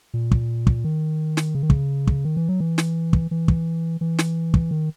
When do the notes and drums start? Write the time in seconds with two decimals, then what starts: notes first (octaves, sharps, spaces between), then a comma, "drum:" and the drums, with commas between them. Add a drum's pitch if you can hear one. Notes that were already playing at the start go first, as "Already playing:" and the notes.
0.14 A#2
0.31 drum: kick
0.67 drum: kick
0.85 D#3
1.37 drum: snare
1.55 C#3
1.63 D#3
1.70 C#3, drum: kick
2.07 drum: kick
2.25 D#3
2.37 E3
2.49 F#3
2.60 E3
2.78 drum: snare
3.13 drum: kick
3.31 E3
3.48 drum: kick
4.01 E3
4.19 drum: snare
4.54 drum: kick
4.71 D#3